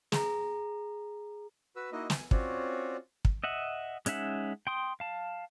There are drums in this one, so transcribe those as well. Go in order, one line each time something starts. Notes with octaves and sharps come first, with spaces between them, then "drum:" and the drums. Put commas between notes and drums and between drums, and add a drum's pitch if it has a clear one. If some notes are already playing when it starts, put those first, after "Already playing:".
G#4 A#5, drum: snare
F#4 B4 E6
A#3 D#4 E4 F#4 D#5
G#5, drum: snare
C4 C#4 F4 F#4 C#5 D5, drum: kick
drum: kick
D#5 E5 F#5
G#3 C#4 D#4 E5 F#5, drum: hi-hat
G5 C6 D#6
F5 A5